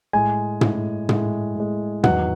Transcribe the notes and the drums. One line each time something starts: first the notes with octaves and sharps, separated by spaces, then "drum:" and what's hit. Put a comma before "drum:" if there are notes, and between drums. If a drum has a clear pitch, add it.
A2 G#3 G#5
A2 G#3, drum: tom
A2 G#3, drum: tom
A2 G#3
E2 D#3 F#3 F#5, drum: tom